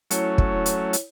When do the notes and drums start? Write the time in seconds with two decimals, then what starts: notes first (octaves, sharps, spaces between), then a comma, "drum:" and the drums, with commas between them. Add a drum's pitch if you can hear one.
0.11 F#3 A3 C#4 E4 C#5, drum: hi-hat
0.38 drum: kick
0.66 drum: hi-hat
0.93 drum: hi-hat